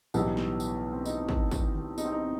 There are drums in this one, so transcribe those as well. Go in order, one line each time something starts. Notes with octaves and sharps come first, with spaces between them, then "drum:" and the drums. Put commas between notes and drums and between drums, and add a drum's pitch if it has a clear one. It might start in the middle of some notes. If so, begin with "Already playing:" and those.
B1 A2 E3 G3 B3 D#4, drum: tambourine
drum: snare
drum: tambourine
C4
D#4, drum: tambourine
drum: kick
drum: kick, tambourine
drum: tom D3
D#4, drum: tambourine
C4
D#4